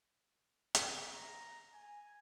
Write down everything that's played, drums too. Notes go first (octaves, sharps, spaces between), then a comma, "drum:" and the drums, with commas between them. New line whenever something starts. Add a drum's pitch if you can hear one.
drum: hi-hat
A#5
G#5